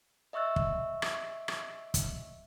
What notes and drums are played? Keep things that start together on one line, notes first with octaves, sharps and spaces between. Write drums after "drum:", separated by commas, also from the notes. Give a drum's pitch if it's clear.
D#5 E5 C#6 E6 F#6 A6
drum: kick
drum: rim click
drum: rim click
drum: kick, hi-hat